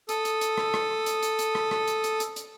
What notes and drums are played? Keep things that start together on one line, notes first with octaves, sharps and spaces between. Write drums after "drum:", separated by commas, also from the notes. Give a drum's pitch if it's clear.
A4 D#6, drum: hi-hat
drum: hi-hat
drum: hi-hat
drum: rim click
drum: rim click
drum: hi-hat
drum: hi-hat
drum: hi-hat
drum: rim click
drum: rim click
drum: hi-hat
drum: hi-hat
drum: hi-hat
drum: hi-hat